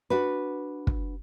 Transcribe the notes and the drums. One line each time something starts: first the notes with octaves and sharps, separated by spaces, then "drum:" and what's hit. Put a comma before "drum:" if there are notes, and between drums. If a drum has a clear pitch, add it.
D4 F#4 B4
drum: kick